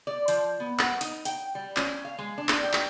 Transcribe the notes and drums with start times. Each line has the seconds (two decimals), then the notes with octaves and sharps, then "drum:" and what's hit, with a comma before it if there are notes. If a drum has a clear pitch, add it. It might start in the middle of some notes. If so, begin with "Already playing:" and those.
0.07 D5
0.28 F3, drum: hi-hat
0.60 B3
0.79 F#5, drum: clap
1.01 D#4, drum: hi-hat
1.25 G5, drum: hi-hat
1.55 G3
1.76 C#4, drum: clap
2.05 F5
2.19 G#3
2.38 D4
2.49 drum: clap
2.63 G5
2.73 drum: clap